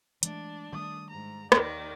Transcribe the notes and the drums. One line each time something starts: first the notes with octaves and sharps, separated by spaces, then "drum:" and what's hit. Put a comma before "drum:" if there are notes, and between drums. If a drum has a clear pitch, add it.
E3 G#3 A3 D4, drum: hi-hat
D#3 G3 A3 D#6
G#2 A#5
D#2 D#3 D5, drum: rim click